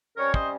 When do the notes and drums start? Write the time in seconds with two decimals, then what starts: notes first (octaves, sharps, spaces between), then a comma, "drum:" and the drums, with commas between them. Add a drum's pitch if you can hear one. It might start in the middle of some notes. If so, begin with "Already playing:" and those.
0.17 C3 G3 C#4 A#4 C#5
0.34 C5 D#5, drum: kick